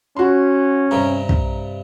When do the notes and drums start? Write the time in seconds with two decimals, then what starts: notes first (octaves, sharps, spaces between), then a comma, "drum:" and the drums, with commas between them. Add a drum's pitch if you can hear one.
0.17 C#4 F#4 C6
0.91 G2 C3 G3 A#5
1.29 drum: kick